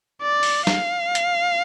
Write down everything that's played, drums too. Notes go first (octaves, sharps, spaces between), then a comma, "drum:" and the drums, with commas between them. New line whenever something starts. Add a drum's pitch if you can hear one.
D5
drum: open hi-hat
F5, drum: snare
drum: hi-hat